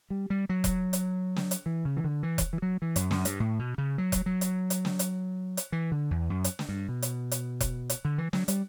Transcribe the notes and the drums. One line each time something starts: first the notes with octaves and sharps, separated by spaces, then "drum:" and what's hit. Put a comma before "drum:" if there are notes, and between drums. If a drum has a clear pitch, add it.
G3
G3
F#3
drum: kick E1, hi-hat
drum: hi-hat
drum: snare
drum: hi-hat
E3
C#3
E3
D3
E3
drum: kick E1, hi-hat
E3
F#3
E3
F#2, drum: hi-hat
F#2, drum: snare
G2, drum: hi-hat
A2
B2
C#3
F#3
drum: kick E1, hi-hat
F#3
drum: hi-hat
drum: hi-hat
drum: snare
drum: hi-hat
drum: hi-hat
E3
D3
E2
F#2
drum: hi-hat
drum: snare
G2
B2
drum: hi-hat
drum: hi-hat
drum: kick E1, hi-hat
drum: hi-hat
D3
E3
F#3, drum: snare
G3, drum: hi-hat